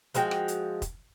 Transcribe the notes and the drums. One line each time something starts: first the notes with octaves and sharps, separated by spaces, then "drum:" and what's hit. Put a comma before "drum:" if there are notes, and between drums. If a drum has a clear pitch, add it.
F3 G#3 F#4 G5, drum: hi-hat
drum: rim click
drum: hi-hat
drum: kick, hi-hat